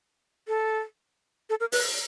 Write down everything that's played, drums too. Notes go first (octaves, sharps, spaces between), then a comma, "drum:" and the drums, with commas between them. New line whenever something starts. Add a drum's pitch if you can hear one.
A4
A4
A#4
B4, drum: open hi-hat